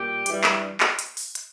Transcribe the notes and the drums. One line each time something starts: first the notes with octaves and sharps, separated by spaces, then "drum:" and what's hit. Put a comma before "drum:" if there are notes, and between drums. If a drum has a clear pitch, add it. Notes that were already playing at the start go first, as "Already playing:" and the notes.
Already playing: A#2 G3 G4
G2 E3 G3, drum: hi-hat
drum: clap
drum: clap
drum: hi-hat
drum: open hi-hat
drum: hi-hat